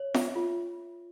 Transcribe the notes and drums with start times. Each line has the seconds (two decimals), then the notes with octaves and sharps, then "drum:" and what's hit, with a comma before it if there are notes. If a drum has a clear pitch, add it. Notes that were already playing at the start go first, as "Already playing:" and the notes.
Already playing: C#5
0.14 E5, drum: snare F4
0.36 F4